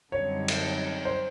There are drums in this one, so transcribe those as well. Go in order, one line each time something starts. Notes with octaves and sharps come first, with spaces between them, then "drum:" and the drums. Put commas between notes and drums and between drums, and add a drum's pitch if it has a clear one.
F#2 D3 G3 C4 D#4 C#5
drum: cymbal
C5